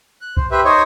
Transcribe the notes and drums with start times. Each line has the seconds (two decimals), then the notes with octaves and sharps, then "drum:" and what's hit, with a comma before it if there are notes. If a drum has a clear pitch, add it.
0.21 F#6
0.37 C5, drum: kick
0.51 G4 B4 C5 E5
0.65 D#4 C5 C#5 D#5